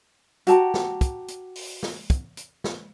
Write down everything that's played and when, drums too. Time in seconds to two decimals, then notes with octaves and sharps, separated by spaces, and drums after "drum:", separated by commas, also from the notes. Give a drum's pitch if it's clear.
0.47 F#4 G4 A5 A#5, drum: hi-hat
0.74 drum: snare
1.01 drum: kick, hi-hat
1.28 drum: hi-hat
1.56 drum: open hi-hat
1.83 drum: snare
2.10 drum: kick, hi-hat
2.37 drum: hi-hat
2.64 drum: snare